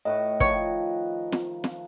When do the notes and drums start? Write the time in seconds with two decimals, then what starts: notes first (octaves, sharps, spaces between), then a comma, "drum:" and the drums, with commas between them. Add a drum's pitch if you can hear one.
0.05 A2 B4 D#5 C#6
0.40 D#3 F3 C#5, drum: kick
1.32 drum: snare
1.64 drum: snare